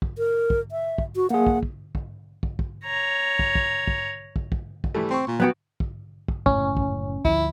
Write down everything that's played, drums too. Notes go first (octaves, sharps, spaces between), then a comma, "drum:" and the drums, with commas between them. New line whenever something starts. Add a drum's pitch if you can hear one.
drum: kick
A#4
drum: kick
E5
drum: kick
F#4
A#3 G#4 F#5
drum: kick
drum: kick
drum: kick
drum: kick
drum: kick
C#5 A#5
drum: kick
drum: kick
drum: kick
drum: kick
drum: kick
drum: kick
E3 G3 A3
C4 C6 C#6
A#2
F#3 B3 F#4 B4 G5
drum: kick
drum: kick
F#1 A2 C#4, drum: kick
drum: kick
D2 F3 E4, drum: kick